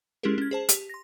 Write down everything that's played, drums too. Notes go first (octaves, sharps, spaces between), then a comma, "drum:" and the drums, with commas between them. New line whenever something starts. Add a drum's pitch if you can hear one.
G#3 C#4 E4 G4 G#4 A#4
C#4 G#6
G#4 C5 A5
G4, drum: hi-hat
C6 A#6